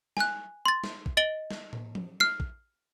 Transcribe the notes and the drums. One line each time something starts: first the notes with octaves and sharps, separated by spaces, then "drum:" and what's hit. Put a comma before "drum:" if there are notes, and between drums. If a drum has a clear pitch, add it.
G#5 F#6, drum: snare
C6 A6
drum: snare
drum: kick
D#5 A6 D7 F#7 G7
drum: snare
drum: tom
drum: tom F3
F6 C7, drum: snare
drum: kick